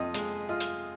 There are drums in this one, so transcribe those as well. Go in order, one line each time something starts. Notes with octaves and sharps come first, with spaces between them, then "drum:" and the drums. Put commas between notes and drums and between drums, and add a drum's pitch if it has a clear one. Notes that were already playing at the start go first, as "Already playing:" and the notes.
Already playing: F2 F3 D#5
G#3, drum: hi-hat
F4 D#5
drum: hi-hat